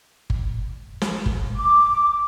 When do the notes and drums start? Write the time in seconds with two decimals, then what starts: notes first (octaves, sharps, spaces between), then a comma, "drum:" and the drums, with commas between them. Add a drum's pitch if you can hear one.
0.30 drum: kick G1
1.01 drum: snare
1.26 drum: kick G1
1.56 D6